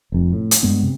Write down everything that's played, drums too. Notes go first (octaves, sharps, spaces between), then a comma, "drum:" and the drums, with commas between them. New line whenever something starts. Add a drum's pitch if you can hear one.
F1 F2
A2
drum: hi-hat
G2 G#3 B3
C3